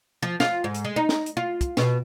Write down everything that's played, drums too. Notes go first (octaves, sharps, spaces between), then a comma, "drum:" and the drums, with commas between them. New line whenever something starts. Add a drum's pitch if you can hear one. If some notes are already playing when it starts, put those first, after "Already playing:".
F3
F4, drum: snare
G#2
drum: hi-hat
G#3
D#4
drum: snare
drum: hi-hat
F4
drum: kick, hi-hat
B2, drum: snare